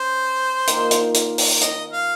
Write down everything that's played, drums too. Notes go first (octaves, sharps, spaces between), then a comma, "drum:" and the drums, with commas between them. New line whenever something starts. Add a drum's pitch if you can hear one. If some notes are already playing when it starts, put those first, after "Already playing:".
Already playing: C#4 C5
D#3 A#3 F4, drum: hi-hat
drum: hi-hat
drum: hi-hat
drum: open hi-hat
D#5, drum: hi-hat
F5